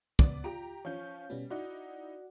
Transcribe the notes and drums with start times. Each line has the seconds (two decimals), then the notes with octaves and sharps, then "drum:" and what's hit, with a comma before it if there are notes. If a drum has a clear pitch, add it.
0.19 C#2 B3 D5, drum: kick
0.44 F4 G4 A#5 D7
0.85 F3 C#4 C#5 F5 G6
1.30 B2 G3 B3 C#4
1.50 D#4 E4 F#4 D5 F#5